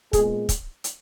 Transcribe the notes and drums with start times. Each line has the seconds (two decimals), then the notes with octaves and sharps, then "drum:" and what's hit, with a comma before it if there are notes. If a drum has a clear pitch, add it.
0.13 A#2 G#3 B3 G#4, drum: kick, hi-hat
0.49 drum: kick, hi-hat
0.84 drum: hi-hat